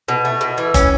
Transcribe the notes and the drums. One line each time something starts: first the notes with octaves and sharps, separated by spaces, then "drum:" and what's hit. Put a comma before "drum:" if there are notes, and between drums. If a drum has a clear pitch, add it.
B2
A3
B2
E3
C#4, drum: kick G1, hi-hat